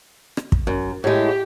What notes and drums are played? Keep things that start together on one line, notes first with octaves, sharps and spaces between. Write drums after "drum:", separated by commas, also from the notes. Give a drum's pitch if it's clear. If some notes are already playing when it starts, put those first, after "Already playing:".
drum: rim click
drum: kick
F#2
A2 G#3 G4